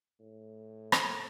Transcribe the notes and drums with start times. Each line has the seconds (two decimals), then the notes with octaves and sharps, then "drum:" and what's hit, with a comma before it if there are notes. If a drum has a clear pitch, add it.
0.20 A2
0.92 drum: rim click